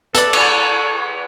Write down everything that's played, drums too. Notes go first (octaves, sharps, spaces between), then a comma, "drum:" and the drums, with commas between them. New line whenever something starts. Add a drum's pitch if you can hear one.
A4 B4 D5, drum: hi-hat
C#6, drum: cymbal